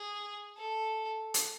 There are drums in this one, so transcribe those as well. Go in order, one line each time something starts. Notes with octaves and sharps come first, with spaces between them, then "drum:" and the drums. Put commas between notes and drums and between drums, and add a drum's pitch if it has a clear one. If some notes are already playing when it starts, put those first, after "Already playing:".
Already playing: G#4
A4
drum: hi-hat